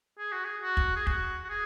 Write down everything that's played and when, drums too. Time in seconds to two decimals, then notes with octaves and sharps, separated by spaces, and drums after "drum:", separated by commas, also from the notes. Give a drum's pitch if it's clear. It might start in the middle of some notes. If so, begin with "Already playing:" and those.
0.18 G#4
0.32 F#4
0.45 G#4
0.62 F#4
0.77 drum: kick
0.96 G#4
1.07 F#4, drum: kick
1.44 F#4
1.49 G#4